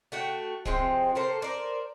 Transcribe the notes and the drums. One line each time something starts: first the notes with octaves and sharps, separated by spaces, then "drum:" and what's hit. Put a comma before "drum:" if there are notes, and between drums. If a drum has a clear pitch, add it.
A3 F#4 G5
C3 F3 G#3 C4, drum: kick
A#3 A4 C5
A#4 C5 D5